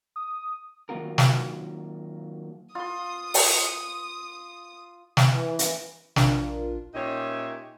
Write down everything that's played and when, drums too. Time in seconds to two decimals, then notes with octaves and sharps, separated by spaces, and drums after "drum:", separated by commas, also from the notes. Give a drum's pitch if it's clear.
0.16 D#6
0.89 D#3 F#3 A#3 F4 F#4 A#4
1.18 drum: snare
2.75 F4 C6 D#6
3.34 drum: open hi-hat
5.17 drum: snare
5.33 E3
5.59 drum: hi-hat
6.16 A#1 D4 F4 A#4, drum: snare
6.95 A#2 C#4 D#4 G4 C#5 E5